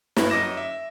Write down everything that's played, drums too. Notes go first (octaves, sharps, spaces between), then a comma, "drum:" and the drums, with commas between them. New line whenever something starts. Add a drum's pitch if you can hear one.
G2 E4, drum: snare
F#2 D#5 D6 A#6 E7
E5